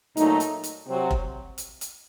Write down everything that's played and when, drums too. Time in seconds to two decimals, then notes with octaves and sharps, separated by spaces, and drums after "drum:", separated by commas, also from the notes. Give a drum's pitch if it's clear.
0.17 A#2 F#3 A3 D#4, drum: hi-hat
0.40 drum: hi-hat
0.64 drum: hi-hat
0.88 C3 F#3 C4 F#4
1.11 drum: kick F1
1.58 drum: hi-hat
1.81 drum: hi-hat